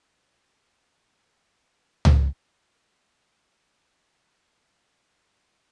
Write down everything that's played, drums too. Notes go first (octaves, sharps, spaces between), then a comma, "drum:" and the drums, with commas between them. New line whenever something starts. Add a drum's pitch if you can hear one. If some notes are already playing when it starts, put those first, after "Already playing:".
D#3
C#3
G2
C#3
D3
D#3
F3
drum: tom C#2
F#3
F3
E3
F3
E3
D3
D#3
D3
C3